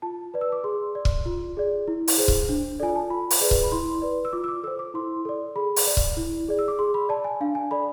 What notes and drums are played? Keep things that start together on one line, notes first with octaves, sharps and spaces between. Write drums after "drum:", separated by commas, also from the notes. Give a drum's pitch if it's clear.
F4 A5
B4 D5
E6
D6
G#4 C6
D5
drum: kick
F4
G#4 D5
E4
drum: open hi-hat
G#4 C5
drum: kick
D4
F4 A4 D5 G#5
A5
F4 B5
drum: open hi-hat
G#4 B4 D5
drum: kick
B5
E4 C6
B4 D5
E6
F4 D6
E6
D6
A4 C5 E6
D6
E4 C6
A4 D5
G#4 B5
drum: open hi-hat
D5
drum: kick
E4
G#4 D5
E6
D6
G#4 C6
B5
D5 A5
G#5
D4 F5
G#5
A4 D5 B5